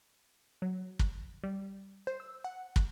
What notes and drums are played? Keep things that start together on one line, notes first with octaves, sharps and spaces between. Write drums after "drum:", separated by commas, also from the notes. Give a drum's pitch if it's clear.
F#3
drum: kick
G3
C5
E6
F#5
drum: kick